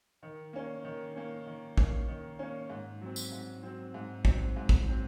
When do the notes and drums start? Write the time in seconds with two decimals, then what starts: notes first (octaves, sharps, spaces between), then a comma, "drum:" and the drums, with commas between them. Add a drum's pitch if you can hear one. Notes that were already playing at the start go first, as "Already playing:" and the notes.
0.23 D#3
0.53 A#3 C#4
0.85 D#3
1.15 A#3 C#4
1.46 D#3
1.77 A#3 C#4, drum: kick
2.08 D#3
2.39 A#3 C#4
2.70 G#2
3.01 F#3 C4
3.16 drum: tambourine
3.32 G#2
3.63 F#3 C4
3.94 G#2
4.25 F#3 C4, drum: kick
4.56 G#2
4.69 drum: kick
4.87 F#3 C4